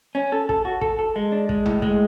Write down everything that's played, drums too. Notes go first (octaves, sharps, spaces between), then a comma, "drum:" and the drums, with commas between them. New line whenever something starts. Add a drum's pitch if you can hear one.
C#4
A4
A4, drum: kick
F#4
A4, drum: kick
A4
G#3
D4
G#3, drum: kick
A2, drum: tom
G#3, drum: kick